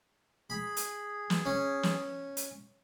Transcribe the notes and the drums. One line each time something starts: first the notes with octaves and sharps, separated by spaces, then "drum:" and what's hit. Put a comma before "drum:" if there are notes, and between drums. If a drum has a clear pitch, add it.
G#4 B5
drum: hi-hat
drum: snare
C#4
drum: snare
drum: hi-hat